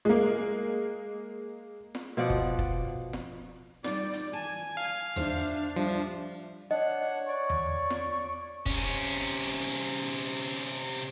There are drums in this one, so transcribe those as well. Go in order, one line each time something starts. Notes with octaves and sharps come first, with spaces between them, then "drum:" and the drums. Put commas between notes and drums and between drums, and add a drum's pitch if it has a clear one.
G#3 A#3
drum: snare
B2 F3 D5 F#5
drum: kick
drum: kick
drum: snare
G3 D#4 D5, drum: snare
drum: hi-hat
G#5 A5
F5
D4 F4 C5 E5, drum: tom E2
F3 G3 E5
D4 C#5 D#5 F#5
D5 C#6
drum: tom E2
drum: snare
C3 C#4, drum: kick
drum: hi-hat